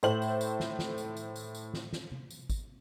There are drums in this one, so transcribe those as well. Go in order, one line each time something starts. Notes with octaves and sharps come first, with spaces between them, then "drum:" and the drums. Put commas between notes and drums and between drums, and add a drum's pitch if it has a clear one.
A2 A3 C5 F#7, drum: tambourine
drum: tambourine
drum: tambourine
drum: snare
drum: snare
drum: tambourine
drum: tambourine
drum: tambourine
drum: tambourine
drum: snare
drum: snare
drum: tom C3
drum: tambourine
drum: kick G#1, tambourine